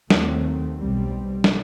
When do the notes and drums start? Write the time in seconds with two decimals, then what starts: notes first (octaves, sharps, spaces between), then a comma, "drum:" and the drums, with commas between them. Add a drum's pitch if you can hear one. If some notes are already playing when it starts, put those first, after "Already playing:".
0.10 D#2 D#3 F#3 A3 C4, drum: snare
0.77 B1 B2 G3 C4
1.44 drum: snare